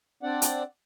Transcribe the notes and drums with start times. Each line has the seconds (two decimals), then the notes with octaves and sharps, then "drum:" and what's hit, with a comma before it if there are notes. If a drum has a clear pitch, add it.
0.23 C4 D4 D5 F#5
0.42 drum: hi-hat